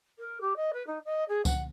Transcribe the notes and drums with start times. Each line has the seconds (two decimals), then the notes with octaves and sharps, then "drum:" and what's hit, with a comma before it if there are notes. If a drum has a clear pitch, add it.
0.19 A#4
0.40 G4
0.56 D#5
0.73 B4
0.86 D#4
1.05 D#5
1.28 G#4
1.45 F#5, drum: kick C#2, tambourine